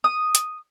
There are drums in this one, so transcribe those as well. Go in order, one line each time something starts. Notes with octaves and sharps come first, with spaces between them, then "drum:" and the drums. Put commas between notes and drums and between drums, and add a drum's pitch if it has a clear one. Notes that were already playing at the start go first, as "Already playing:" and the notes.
D#6
drum: hi-hat